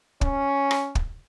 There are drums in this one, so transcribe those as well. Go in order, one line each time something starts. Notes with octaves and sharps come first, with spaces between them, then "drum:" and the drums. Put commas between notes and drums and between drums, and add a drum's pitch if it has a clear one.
C#4, drum: kick
drum: rim click
drum: kick